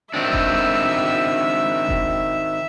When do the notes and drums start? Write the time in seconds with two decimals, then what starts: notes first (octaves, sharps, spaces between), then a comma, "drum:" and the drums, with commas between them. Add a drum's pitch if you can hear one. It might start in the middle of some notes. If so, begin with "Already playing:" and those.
0.14 D#3 C4 D4 E5
0.33 drum: kick F1
1.89 drum: kick F1